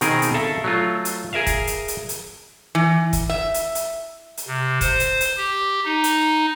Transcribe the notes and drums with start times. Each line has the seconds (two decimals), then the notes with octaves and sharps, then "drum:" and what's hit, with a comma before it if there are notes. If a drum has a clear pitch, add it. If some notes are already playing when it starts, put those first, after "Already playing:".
0.01 B2 D#3 C4 G#4 A#4, drum: hi-hat
0.22 drum: hi-hat
0.34 A4 E5 F5 A#5
0.64 F#3 A3 F4
1.05 drum: hi-hat
1.33 G#4 A#4 E5 F5
1.47 drum: kick, hi-hat
1.67 drum: hi-hat
1.88 drum: hi-hat
2.09 drum: hi-hat
2.75 E3
3.13 drum: kick, hi-hat
3.30 E5
3.54 drum: hi-hat
3.75 drum: hi-hat
4.37 drum: hi-hat
4.47 C3
4.81 C5, drum: kick, hi-hat
5.00 drum: hi-hat
5.21 drum: hi-hat
5.37 G4
5.85 D#4
6.04 drum: hi-hat